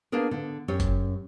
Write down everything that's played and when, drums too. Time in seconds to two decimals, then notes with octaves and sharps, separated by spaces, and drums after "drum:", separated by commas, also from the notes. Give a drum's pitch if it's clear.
0.12 A#3 B3 D4 G#4 A#4
0.31 D3
0.68 F#2 C#4 G4 C#5
0.80 drum: kick F#1, hi-hat